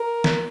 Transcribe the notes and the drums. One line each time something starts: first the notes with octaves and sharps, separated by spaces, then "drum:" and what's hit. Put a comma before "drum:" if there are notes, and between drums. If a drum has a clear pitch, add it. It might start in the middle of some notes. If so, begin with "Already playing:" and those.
Already playing: A#4
drum: snare